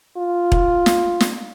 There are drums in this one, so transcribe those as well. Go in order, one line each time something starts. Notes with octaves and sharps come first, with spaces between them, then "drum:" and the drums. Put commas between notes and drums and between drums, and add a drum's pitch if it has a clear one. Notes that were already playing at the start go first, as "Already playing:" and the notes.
F4
drum: kick E1
drum: snare
drum: snare